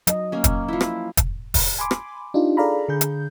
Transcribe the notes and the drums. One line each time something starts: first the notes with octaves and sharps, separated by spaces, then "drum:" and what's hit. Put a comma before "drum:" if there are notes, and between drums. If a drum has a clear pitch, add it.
F#3 D#5, drum: hi-hat
A#3 C#4
drum: kick, hi-hat
F3 E4
drum: rim click
drum: kick, hi-hat
drum: kick, open hi-hat
G#5 B5 C6 D6
drum: rim click
D4 D#4 F4 G4
G#4 A4 D5 F5 A#5 B5
D3 G#4 G6
drum: hi-hat